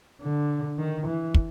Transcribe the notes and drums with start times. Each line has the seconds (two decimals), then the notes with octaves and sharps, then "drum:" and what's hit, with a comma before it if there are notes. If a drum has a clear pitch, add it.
0.22 D3
0.78 D#3
1.06 E3
1.34 drum: kick